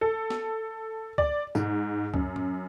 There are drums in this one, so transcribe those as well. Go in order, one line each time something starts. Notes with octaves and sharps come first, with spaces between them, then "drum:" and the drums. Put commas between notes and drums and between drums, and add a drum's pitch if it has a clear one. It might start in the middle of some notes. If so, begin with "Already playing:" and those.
A4
drum: snare
D5, drum: kick
G#2, drum: tambourine
F#2, drum: kick
drum: tom A2